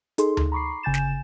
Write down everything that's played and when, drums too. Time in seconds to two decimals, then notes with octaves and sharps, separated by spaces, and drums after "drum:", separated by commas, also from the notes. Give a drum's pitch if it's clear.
0.18 D#4 G#4 A4 C6, drum: hi-hat
0.37 drum: tom D2
0.52 A#5 B5 C#6 D6 C7
0.83 G1 C#3 G#5 G6 A6 E7
0.94 drum: snare